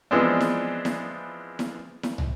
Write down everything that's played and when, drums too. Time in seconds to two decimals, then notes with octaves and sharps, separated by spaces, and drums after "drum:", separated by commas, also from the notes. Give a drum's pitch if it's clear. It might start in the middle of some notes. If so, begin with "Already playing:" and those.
0.11 E3 F3 G#3 B3 C4 D4
0.40 drum: snare E4
0.85 drum: snare E4
1.59 drum: snare E4
2.03 drum: snare E4
2.18 drum: tom